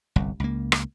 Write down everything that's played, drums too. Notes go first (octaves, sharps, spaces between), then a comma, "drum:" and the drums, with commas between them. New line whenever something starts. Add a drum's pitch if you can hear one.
G1 C2
C#2 A#3
drum: rim click